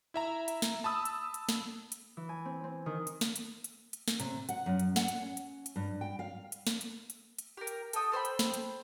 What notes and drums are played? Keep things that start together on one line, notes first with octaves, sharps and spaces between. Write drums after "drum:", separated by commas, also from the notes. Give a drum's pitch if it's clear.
E4 E5 A#5
drum: hi-hat
drum: snare
A5 B5 D#6 E6
drum: hi-hat
drum: hi-hat
drum: snare
drum: hi-hat
E3
G#5
C4
C4
D#3
drum: hi-hat
drum: snare
drum: hi-hat
drum: hi-hat
drum: hi-hat
drum: snare
C3, drum: hi-hat
F#5, drum: hi-hat
F#2
drum: hi-hat
F#5, drum: snare
drum: hi-hat
C#4
drum: hi-hat
drum: hi-hat
G2
G5
F5
drum: hi-hat
drum: snare
drum: hi-hat
drum: hi-hat
drum: hi-hat
G4 A#4
drum: hi-hat
A4 G5 D#6, drum: hi-hat
A4 C5 G5 B5
drum: hi-hat
drum: snare
drum: hi-hat